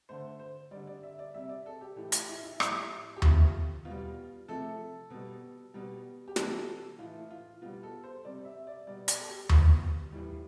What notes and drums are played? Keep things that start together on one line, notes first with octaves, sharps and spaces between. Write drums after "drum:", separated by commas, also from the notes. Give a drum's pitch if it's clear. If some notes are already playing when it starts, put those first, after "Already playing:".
D3 A3 C5
C5
D3 G3 D5
D5
E5
D5
C3 G3 E5
D5
A4
G4
A2 E3 A3 G4
F4, drum: hi-hat
E4
E4
A2 G3, drum: rim click
G4
C3 F3 A3 F4, drum: tom D#2
B2 G3 F4
C3 F3 A3 A4
B2 G3
B2 G3
G4
C3 E3 G3 A4, drum: snare
A2 E3 A3 F4
F4
B2 G3 F4
A4
C5
C3 G3 D5
E5
D5
B2 G3 D5
D5, drum: hi-hat
A4
G4
B2 G3 F4, drum: tom D#2
A2 E3 G3